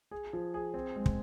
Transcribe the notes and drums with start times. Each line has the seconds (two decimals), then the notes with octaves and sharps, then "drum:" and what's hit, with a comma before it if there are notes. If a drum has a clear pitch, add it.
0.11 G#4
0.33 F3
0.54 G#4
0.74 C4
0.96 G#3
1.06 drum: kick